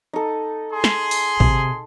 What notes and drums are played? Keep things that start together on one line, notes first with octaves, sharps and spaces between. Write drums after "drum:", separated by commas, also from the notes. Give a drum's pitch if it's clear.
D#4 A4
G#4 C6
drum: snare
drum: open hi-hat
C3, drum: kick